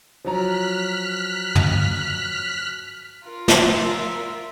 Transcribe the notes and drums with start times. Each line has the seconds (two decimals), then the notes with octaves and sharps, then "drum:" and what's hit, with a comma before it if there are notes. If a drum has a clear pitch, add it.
0.25 F3 F#3 A#5 F6 F#6 B6
1.55 drum: tom
3.25 F4 A#4
3.48 drum: snare
3.72 E5